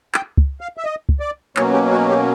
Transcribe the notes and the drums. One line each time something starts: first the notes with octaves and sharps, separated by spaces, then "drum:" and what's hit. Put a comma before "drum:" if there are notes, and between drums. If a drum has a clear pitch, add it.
G5, drum: clap
drum: kick
F5
E5
D#5
drum: kick
D5
B2 F#3 A#3 C#4 C#5, drum: clap
G4
F#4
G4